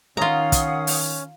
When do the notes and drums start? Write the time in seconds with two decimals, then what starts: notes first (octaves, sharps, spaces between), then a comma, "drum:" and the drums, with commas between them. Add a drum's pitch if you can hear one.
0.17 D#3 C#4 F4 F5 F#5 A#5 D#6
0.52 drum: kick, hi-hat
0.87 drum: open hi-hat